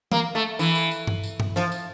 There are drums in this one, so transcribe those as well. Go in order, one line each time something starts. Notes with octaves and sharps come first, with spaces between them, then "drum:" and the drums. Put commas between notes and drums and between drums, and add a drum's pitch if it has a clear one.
A#3, drum: tom E3
A3
E3, drum: tambourine
drum: tambourine
drum: tambourine
drum: tom G2
drum: tambourine
drum: tom G2
F3, drum: snare
drum: tambourine